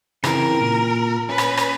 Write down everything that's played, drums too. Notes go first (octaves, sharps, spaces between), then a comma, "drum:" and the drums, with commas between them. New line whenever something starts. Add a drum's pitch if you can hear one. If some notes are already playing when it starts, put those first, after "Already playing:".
C#3 E3 C4 A#4, drum: rim click
A#2
C#4 B4
drum: rim click
drum: rim click